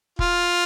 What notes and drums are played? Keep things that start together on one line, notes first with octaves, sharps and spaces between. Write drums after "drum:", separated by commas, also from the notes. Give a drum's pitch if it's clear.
F4, drum: kick